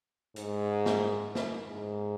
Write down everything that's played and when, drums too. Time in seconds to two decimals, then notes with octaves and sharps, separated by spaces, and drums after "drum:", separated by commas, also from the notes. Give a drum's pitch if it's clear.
0.36 G#2, drum: hi-hat
0.86 drum: snare
1.35 drum: snare
1.68 G#2